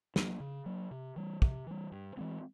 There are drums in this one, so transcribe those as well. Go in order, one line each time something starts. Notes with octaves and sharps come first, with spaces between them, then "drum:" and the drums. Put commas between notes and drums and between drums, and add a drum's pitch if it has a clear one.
F#3 A#3 D4, drum: snare
C#3
F#3 A#3 D4
C3
E3 G3
C3, drum: kick
E3 G3
G2
E3 G#3 C4